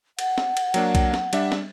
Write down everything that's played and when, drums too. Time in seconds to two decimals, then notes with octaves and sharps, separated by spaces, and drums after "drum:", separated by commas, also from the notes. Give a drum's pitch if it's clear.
0.19 F#5, drum: cymbal
0.38 drum: snare
0.57 drum: cymbal
0.74 F#3 A#3 D4, drum: cymbal
0.95 drum: kick B1, cymbal
1.14 drum: snare
1.33 G3 D4 E5, drum: cymbal
1.52 drum: snare